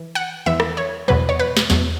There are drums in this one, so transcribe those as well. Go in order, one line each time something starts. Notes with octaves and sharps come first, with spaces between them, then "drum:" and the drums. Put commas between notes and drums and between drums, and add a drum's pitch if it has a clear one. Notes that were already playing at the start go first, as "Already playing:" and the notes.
Already playing: E3
F#5
E2 E3 E5
drum: rim click
C#5
E2 B2 F#3 B4
C#5
B4
drum: snare
E2 B2 F#3, drum: snare